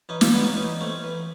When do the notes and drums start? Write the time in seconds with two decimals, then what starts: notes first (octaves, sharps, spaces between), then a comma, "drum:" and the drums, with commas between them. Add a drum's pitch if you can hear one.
0.09 E3 C#4 D#4
0.21 D#4 F4, drum: snare
0.33 G#3 B3 D4 E4
0.44 C#4 D#4
0.56 E3 C#4 D#4
0.81 A3 C4 C#4
1.03 E3